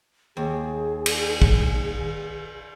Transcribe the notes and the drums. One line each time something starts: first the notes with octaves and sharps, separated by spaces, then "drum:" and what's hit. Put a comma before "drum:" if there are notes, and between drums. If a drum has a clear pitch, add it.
D#2 G#4
drum: cymbal
drum: kick